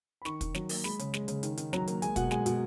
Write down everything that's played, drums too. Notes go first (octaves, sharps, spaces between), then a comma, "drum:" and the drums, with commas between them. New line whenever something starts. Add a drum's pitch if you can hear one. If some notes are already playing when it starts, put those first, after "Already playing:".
B5
D#3 C#6, drum: snare
D#3, drum: kick, hi-hat
F#3, drum: snare
A#3, drum: open hi-hat
G#3 B5, drum: snare
C#3, drum: hi-hat
G#3, drum: snare
C#3, drum: hi-hat
D#3, drum: hi-hat
D#3, drum: hi-hat
F#3 A#5, drum: snare
A#3, drum: hi-hat
G#3 G#5, drum: hi-hat
B2 F#5, drum: kick, hi-hat
G#3 G#5, drum: snare
B2, drum: hi-hat